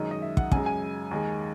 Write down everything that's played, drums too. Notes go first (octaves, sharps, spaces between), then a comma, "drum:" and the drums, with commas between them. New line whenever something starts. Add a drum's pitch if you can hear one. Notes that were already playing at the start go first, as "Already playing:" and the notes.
Already playing: F#2 D#3 G#3 D#5
D#5
E5
F#5, drum: kick
F#2 C#3 G#3 G#5, drum: kick
G#5
D#2 D#3 G#3